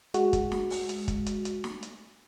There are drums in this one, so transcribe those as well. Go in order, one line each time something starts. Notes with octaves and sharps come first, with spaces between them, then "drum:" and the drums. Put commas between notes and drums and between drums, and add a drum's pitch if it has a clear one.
G#3 F#4, drum: hi-hat
drum: kick, hi-hat
drum: snare
drum: open hi-hat
drum: hi-hat
drum: kick, hi-hat
drum: hi-hat
drum: hi-hat
drum: snare
drum: hi-hat